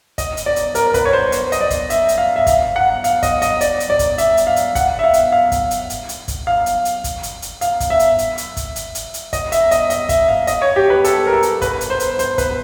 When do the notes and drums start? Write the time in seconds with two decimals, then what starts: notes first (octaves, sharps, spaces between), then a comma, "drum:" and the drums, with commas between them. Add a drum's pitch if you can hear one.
0.18 D#5, drum: kick, hi-hat
0.37 drum: hi-hat
0.46 D5
0.56 drum: hi-hat
0.75 A#4, drum: hi-hat
0.87 A#4
0.94 B4, drum: kick, hi-hat
1.05 C#5
1.13 C5
1.32 C5, drum: hi-hat
1.52 D#5, drum: hi-hat
1.61 D5
1.70 drum: kick, hi-hat
1.90 E5, drum: hi-hat
2.09 drum: hi-hat
2.18 F5
2.36 E5
2.47 F5, drum: kick, hi-hat
2.76 F#5
3.04 F5, drum: hi-hat
3.23 D#5, drum: kick, hi-hat
3.42 D#5, drum: hi-hat
3.61 D5, drum: hi-hat
3.80 drum: hi-hat
3.90 D5
3.99 drum: kick, hi-hat
4.18 E5, drum: hi-hat
4.37 drum: hi-hat
4.47 F5
4.56 drum: hi-hat
4.75 F#5, drum: kick, hi-hat
4.99 E5
5.04 F5
5.14 drum: hi-hat
5.32 F5
5.52 drum: kick, hi-hat
5.71 drum: hi-hat
5.90 drum: hi-hat
6.09 drum: hi-hat
6.28 drum: kick, hi-hat
6.47 F5
6.66 drum: hi-hat
6.85 drum: hi-hat
7.04 drum: kick, hi-hat
7.23 drum: hi-hat
7.42 drum: hi-hat
7.61 F5, drum: hi-hat
7.80 drum: kick, hi-hat
7.90 E5
7.99 drum: hi-hat
8.19 drum: hi-hat
8.38 drum: hi-hat
8.57 drum: kick, hi-hat
8.76 drum: hi-hat
8.95 drum: hi-hat
9.14 drum: hi-hat
9.33 D#5, drum: kick, hi-hat
9.52 E5, drum: hi-hat
9.71 D#5, drum: hi-hat
9.90 D#5, drum: hi-hat
10.09 E5, drum: kick, hi-hat
10.28 F5
10.47 D#5, drum: hi-hat
10.62 C#5
10.76 G4
10.90 B4
11.04 A4, drum: hi-hat
11.27 A#4
11.33 A4
11.43 drum: hi-hat
11.62 B4, drum: kick, hi-hat
11.81 drum: hi-hat
11.90 C5
12.00 drum: hi-hat
12.19 C5, drum: hi-hat
12.38 B4, drum: kick, hi-hat